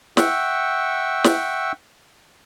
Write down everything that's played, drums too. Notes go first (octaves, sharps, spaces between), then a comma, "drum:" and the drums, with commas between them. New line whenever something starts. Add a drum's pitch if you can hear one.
E5 F#5 G5 C#6 E6, drum: snare
drum: snare